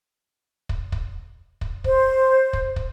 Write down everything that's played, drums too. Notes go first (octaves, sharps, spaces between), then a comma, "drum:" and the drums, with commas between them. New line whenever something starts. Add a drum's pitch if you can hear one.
drum: kick
drum: kick
drum: kick
C5, drum: kick
drum: kick
drum: kick